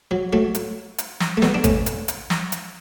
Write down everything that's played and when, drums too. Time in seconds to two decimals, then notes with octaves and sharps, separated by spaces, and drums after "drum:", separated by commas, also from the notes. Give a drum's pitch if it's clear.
0.11 F#3
0.33 F#3 A3
0.55 drum: hi-hat
0.98 drum: hi-hat
1.20 drum: snare
1.37 A3
1.42 G3 B3, drum: snare
1.54 D4
1.64 A3 C#4, drum: kick, hi-hat
1.86 drum: hi-hat
2.08 drum: hi-hat
2.30 drum: snare
2.52 drum: hi-hat